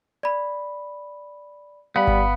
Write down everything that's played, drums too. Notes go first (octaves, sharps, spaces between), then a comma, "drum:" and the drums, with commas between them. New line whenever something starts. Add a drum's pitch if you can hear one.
D5 B5
G3 B3 F5 B5
drum: kick G1